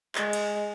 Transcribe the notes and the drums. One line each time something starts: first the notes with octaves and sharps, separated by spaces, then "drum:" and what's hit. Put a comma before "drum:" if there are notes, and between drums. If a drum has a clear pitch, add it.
G#3, drum: clap
drum: cymbal